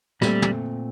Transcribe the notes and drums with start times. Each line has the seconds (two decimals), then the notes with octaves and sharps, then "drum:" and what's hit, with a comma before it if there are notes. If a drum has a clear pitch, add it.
0.22 A#2 G3 A3 C4, drum: rim click
0.42 drum: tom